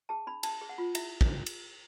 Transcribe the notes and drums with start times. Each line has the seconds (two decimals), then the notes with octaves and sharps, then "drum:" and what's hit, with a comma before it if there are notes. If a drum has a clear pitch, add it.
0.09 G#4 A5
0.27 D4 B5
0.43 D4 A5, drum: cymbal
0.62 G#4
0.69 F#5
0.78 F4
0.95 E4 E5, drum: cymbal
1.21 drum: kick
1.46 drum: cymbal